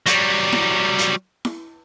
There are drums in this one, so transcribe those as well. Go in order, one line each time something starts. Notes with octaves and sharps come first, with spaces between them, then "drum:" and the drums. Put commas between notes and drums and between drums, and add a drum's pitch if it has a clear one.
F#3 G3, drum: hi-hat
drum: snare E4
drum: hi-hat
drum: snare E4